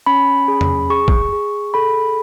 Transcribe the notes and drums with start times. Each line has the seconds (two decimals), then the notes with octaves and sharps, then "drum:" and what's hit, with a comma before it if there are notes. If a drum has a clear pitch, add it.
0.06 C#4 B5
0.48 G#4
0.61 drum: tom E2
0.90 G#4 C#6
1.08 drum: kick A1
1.33 G#4
1.74 A4 B5